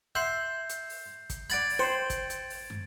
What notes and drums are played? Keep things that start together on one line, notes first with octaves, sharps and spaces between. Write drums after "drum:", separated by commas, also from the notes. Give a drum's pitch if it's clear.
E5 F#5 C6 G6 C7
drum: hi-hat
drum: open hi-hat
drum: kick, hi-hat
D5 F#5 B5 G#6 A6 D7, drum: hi-hat
drum: open hi-hat
C5 G5 C#7 F#7
drum: kick, hi-hat
drum: hi-hat
drum: open hi-hat
drum: tom